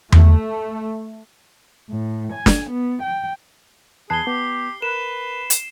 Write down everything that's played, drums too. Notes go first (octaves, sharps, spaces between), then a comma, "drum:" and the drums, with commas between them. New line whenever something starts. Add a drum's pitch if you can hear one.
A3, drum: tom E2
A2
G#5
drum: snare
B3
G5
E2 B3 G#4 A5 B5 F#6 C7 G7
B3 G4
A#4 B4 E7
drum: hi-hat